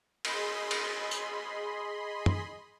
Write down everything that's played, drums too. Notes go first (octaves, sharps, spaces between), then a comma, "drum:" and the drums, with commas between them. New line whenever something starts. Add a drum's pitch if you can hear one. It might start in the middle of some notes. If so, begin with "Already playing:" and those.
G#4 D#5 B5 C6, drum: cymbal
drum: cymbal
drum: tambourine
drum: tom